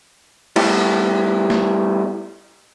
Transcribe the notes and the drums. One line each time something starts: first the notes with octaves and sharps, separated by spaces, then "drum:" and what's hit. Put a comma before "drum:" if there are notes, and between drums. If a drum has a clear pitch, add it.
G3 A3 B3 E4, drum: cymbal
drum: snare